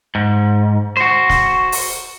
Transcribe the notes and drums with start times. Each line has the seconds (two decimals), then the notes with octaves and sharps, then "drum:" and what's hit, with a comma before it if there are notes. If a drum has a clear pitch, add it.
0.15 G#2
0.97 F#4 C5
1.29 drum: snare
1.72 drum: open hi-hat